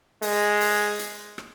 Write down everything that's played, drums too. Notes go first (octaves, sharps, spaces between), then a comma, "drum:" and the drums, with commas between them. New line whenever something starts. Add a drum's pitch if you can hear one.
G#3, drum: open hi-hat
drum: open hi-hat
drum: hi-hat
drum: rim click